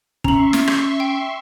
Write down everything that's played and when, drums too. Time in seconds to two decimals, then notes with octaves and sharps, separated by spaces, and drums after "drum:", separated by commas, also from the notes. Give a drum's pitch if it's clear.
0.24 C#4 E5 A#5 C6 C#6 F#7, drum: kick
0.53 drum: snare
0.67 drum: rim click
1.00 G5